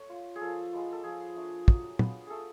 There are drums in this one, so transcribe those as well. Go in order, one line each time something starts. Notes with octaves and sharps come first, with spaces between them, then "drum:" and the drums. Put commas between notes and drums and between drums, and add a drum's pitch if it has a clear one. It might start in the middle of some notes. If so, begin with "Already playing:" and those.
Already playing: A3 C#5
F4
G#4
F3 A4
G#3 B3 F4
A4
F3 G#4
A3 D4
F#3, drum: kick
B3 D4 F4, drum: tom
A3 G#4 A4